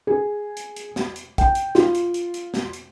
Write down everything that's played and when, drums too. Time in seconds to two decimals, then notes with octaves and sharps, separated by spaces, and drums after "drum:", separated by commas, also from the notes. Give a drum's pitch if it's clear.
0.07 G#4
0.57 drum: hi-hat
0.76 drum: hi-hat
0.96 drum: snare
1.16 drum: hi-hat
1.38 G5, drum: kick, hi-hat
1.55 drum: hi-hat
1.75 F4, drum: snare
1.95 drum: hi-hat
2.14 drum: hi-hat
2.34 drum: hi-hat
2.54 drum: snare
2.73 drum: hi-hat